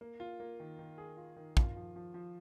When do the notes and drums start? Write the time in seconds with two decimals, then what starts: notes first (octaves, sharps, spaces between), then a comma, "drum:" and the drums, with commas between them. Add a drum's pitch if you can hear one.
0.01 A#3
0.20 F4
0.40 A#3
0.60 D#3
0.79 D#3
0.98 G#4
1.17 F4
1.36 D#3
1.57 F4, drum: kick
1.76 F3
1.96 F3
2.14 F3